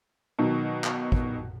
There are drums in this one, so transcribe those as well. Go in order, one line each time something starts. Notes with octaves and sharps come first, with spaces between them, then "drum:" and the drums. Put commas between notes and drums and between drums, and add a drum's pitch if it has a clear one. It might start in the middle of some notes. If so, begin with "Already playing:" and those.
B2 D#3 F#3
drum: clap
drum: kick